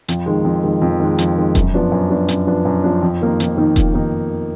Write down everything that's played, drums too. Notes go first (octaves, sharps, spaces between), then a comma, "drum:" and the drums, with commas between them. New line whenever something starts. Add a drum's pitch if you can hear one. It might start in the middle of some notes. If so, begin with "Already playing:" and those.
F2, drum: hi-hat
D#3 G#3
F2
D#3 G#3
F2
D#3 G#3
F2, drum: hi-hat
D#3 G#3
F#2, drum: kick E1, hi-hat
F3 B3 D4
F#2
F3 B3 D4
F#2, drum: hi-hat
F3 B3 D4
F#2
F3 B3 D4
F2
D#3 A#3 D#4
F2, drum: hi-hat
D#3 A#3 D#4
F2, drum: kick E1, hi-hat
D#3 A#3 D#4